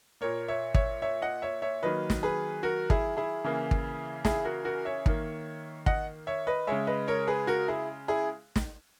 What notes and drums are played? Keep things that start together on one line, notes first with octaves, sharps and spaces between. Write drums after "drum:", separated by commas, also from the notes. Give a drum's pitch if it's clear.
A#2 A#3 A#4 C#5
C#5 E5
C#5 E5, drum: kick
C#5 E5
D#5 F#5
C#5 E5
C#5 E5
D#3 F#3 A#3 B4 D#5
drum: snare
G#4 B4
F#4 A#4
E4 G#4, drum: kick
E4 G#4
C#3 E3 A#3
drum: kick
E4 G#4, drum: snare
F#4 A#4
F#4 A#4
C#5 E5
D#3 A#3, drum: kick
D#5 F#5, drum: kick
C#5 E5
B4 D#5
C#3 G#3 C#5 E5
B4 D#5
A#4 C#5
G#4 B4
F#4 A#4
E4 G#4
E4 G#4
drum: snare